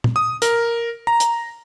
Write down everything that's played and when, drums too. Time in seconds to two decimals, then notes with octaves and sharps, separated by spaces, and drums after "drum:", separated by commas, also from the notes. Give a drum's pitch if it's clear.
0.04 drum: tom
0.16 D#6
0.42 A#4, drum: hi-hat
1.07 A#5
1.20 drum: hi-hat